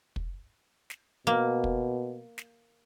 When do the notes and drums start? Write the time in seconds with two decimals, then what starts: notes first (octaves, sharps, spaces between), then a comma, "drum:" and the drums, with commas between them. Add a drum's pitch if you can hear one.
0.16 drum: kick
0.90 drum: snare
1.27 B2 A#3
1.64 drum: kick
2.38 drum: snare